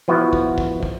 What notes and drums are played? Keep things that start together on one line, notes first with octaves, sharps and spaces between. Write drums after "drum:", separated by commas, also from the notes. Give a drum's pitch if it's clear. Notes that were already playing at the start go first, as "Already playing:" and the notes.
F3 B3 E4 F#4
drum: kick
drum: kick
drum: kick